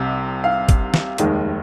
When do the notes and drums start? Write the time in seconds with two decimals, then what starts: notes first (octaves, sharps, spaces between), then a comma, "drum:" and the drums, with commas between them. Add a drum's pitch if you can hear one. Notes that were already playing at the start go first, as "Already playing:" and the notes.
Already playing: C2 C3 G3
0.44 F5
0.69 drum: kick G#1, hi-hat
0.94 drum: snare
1.18 F1 D#2 D#3 G#3, drum: hi-hat